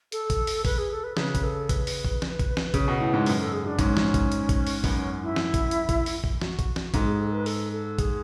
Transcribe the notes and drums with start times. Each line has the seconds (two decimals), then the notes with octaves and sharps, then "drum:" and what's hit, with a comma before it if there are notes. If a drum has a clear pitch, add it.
0.12 A4, drum: hi-hat
0.30 drum: kick A#1, hi-hat
0.47 drum: open hi-hat
0.65 B4, drum: kick A#1, open hi-hat
0.78 G#4
0.91 A4
1.04 B4
1.17 C#3 B4, drum: snare
1.35 drum: kick A#1, hi-hat
1.44 A4
1.69 B4, drum: kick A#1, hi-hat
1.87 drum: open hi-hat
2.05 drum: kick A#1
2.22 drum: snare
2.39 drum: kick A#1, hi-hat
2.57 drum: snare
2.74 C#3, drum: kick A#1, hi-hat
2.88 B2
3.00 A2
3.14 G#2
3.26 F#2 B4, drum: open hi-hat
3.40 A4
3.53 G#4
3.66 D4
3.79 G#2 C#4, drum: kick A#1, hi-hat
3.97 drum: snare
4.14 drum: kick A#1, hi-hat
4.32 drum: hi-hat
4.49 drum: kick A#1, hi-hat
4.67 drum: open hi-hat
4.84 F#2 B3, drum: kick A#1, open hi-hat
4.97 C#4
5.23 E4
5.36 drum: snare
5.54 drum: kick A#1, hi-hat
5.71 drum: hi-hat
5.89 drum: kick A#1, hi-hat
6.06 drum: open hi-hat
6.24 drum: kick A#1
6.41 F#4, drum: snare
6.59 drum: kick A#1, hi-hat
6.76 drum: snare
6.94 G#2 A4, drum: kick A#1, hi-hat
7.06 G#4
7.20 A4
7.33 B4
7.46 A4, drum: open hi-hat
7.72 A4
7.99 G#4, drum: kick A#1, hi-hat